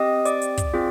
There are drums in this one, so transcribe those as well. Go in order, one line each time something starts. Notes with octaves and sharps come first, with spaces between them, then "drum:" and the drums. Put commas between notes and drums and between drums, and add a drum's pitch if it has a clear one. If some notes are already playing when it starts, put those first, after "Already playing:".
Already playing: C4 G4 D#5 D#6
D5 D6, drum: hi-hat
drum: hi-hat
drum: kick, hi-hat
C4 F4 G#4